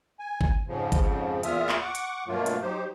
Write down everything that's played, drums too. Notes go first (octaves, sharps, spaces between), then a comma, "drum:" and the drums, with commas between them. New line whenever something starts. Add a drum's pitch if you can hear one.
G#5
drum: kick
F2 G#2 C#3 F3
drum: kick, hi-hat
E2 A#2 F4 E5 D#6 F6, drum: hi-hat
drum: clap
F#5 C#6 D6
drum: hi-hat
G2 B2 F#3 A3 A#3 F4
drum: hi-hat
F#3 D#4 G4 C5